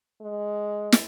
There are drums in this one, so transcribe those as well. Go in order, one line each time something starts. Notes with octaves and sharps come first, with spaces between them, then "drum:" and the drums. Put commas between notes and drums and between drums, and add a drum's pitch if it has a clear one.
G#3
drum: snare